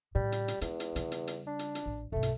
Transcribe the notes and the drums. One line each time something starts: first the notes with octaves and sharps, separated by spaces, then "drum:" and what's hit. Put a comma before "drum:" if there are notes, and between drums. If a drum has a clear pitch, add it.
A2 C#3 G3
drum: hi-hat
drum: hi-hat
E2 G#3, drum: hi-hat
drum: hi-hat
C#3 G3, drum: hi-hat
drum: hi-hat
drum: hi-hat
D4
drum: hi-hat
drum: hi-hat
A1
B1 G2 A3
drum: hi-hat